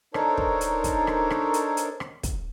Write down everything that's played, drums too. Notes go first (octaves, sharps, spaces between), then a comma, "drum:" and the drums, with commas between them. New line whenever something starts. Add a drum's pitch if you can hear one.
D4 D#4 A4 A#4 C5 C#5, drum: rim click
drum: kick
drum: hi-hat
drum: kick, hi-hat
drum: rim click
drum: rim click
drum: hi-hat
drum: hi-hat
drum: rim click
drum: kick, hi-hat